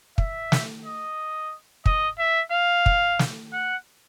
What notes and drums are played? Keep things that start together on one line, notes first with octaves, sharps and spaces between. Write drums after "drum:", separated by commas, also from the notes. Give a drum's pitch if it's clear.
E5, drum: kick
drum: snare
D#5
D#5, drum: kick
E5
F5
drum: kick
drum: snare
F#5